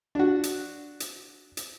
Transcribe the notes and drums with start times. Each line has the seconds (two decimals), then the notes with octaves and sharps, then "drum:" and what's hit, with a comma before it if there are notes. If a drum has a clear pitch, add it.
0.15 D4 F#4
0.43 drum: hi-hat
1.00 drum: hi-hat
1.57 drum: hi-hat